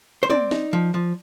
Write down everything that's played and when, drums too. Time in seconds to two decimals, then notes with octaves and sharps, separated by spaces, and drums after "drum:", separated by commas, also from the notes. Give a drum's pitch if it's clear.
0.23 C5
0.30 C4 D5, drum: tom
0.51 D#4, drum: snare
0.73 F3
0.94 F3